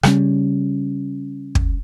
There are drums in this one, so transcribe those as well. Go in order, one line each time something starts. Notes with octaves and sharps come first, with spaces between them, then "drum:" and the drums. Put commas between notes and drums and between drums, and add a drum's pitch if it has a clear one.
C#3 G3 C#4, drum: rim click
drum: kick